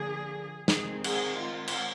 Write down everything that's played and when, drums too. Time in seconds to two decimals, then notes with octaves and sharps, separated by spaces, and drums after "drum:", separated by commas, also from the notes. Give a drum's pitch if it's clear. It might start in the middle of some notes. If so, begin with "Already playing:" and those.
Already playing: D3 F3 A#3 D4 G#4
0.68 D#3 G#3 C4 G#4, drum: snare
1.04 G#4, drum: cymbal
1.40 F4
1.68 drum: cymbal